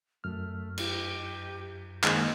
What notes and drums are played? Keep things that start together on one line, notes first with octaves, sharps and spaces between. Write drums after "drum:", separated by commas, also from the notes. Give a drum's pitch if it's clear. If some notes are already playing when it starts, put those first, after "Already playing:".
F#2 A3 F6
G4, drum: cymbal
D#3 G#3 A#3 C5, drum: clap